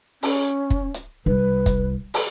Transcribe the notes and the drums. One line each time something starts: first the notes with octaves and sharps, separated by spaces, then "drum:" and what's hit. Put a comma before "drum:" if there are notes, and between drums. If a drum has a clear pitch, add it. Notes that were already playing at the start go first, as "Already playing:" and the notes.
C#4, drum: open hi-hat
drum: kick
drum: hi-hat
C2 B4
drum: kick, hi-hat
drum: open hi-hat